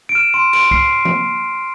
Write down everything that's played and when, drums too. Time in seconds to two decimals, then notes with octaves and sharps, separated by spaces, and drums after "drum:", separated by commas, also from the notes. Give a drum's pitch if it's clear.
0.09 D7
0.15 F6 E7
0.34 C6 D7
0.53 C6 D7, drum: cymbal
0.71 F6 C7, drum: kick
1.05 drum: tom E3